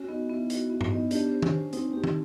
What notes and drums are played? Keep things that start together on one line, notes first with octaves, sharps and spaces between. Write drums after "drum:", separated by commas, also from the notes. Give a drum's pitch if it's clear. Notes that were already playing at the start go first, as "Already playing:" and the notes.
Already playing: C#4 F#4
B3 D#4
B3 E4
D#4 F#4, drum: hi-hat
B3 E4
drum: tom G2
B3 D#4
D4 G4, drum: hi-hat
C5
C#4, drum: tom
C5
C4 D#4, drum: hi-hat
C4 G4
drum: tom